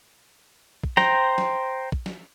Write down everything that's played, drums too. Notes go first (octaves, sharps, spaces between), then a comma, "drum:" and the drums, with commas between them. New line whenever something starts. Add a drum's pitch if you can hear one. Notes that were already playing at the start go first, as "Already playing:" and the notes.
drum: kick
C5 G5 A#5, drum: snare
drum: snare
drum: kick
drum: snare